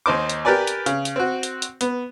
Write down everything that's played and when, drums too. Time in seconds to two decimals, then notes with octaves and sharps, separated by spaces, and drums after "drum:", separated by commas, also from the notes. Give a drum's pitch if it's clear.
0.06 D#2 D#4 C5 D6
0.29 drum: hi-hat
0.45 G4 A#4 B4 D5 G#5
0.67 drum: hi-hat
0.86 C#3, drum: hi-hat
1.05 drum: hi-hat
1.16 C4 F#4
1.43 drum: hi-hat
1.62 drum: hi-hat
1.81 B3, drum: hi-hat